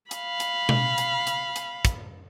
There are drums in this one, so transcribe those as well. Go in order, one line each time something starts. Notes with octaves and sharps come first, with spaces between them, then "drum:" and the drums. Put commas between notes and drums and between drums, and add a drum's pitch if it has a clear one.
F5 B5, drum: hi-hat
drum: hi-hat
drum: tom B2
drum: hi-hat
drum: hi-hat
drum: hi-hat
drum: kick, hi-hat